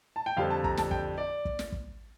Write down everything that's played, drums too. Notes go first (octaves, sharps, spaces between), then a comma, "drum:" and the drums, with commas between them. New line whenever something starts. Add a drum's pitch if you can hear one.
A5
G5
F2 D3 G3 C4 F5
A5
A#5, drum: kick
A5, drum: snare
G5, drum: kick
D5
drum: kick
drum: snare
drum: kick